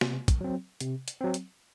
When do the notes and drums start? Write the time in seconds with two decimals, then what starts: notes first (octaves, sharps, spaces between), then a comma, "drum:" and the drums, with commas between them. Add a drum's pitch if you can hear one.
0.01 C3, drum: snare A#3
0.28 drum: kick, hi-hat
0.41 F#3 C4
0.80 C3, drum: hi-hat
1.08 drum: hi-hat
1.21 F#3 C4
1.34 drum: hi-hat